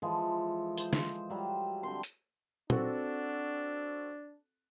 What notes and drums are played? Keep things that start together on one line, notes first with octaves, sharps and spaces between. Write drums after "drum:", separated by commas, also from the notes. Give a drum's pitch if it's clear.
E3 F3 G#3 A4
C5, drum: tambourine
drum: snare
F#3 G3
D3 C4 C6
drum: hi-hat
C4 D4 F#4 A4, drum: tom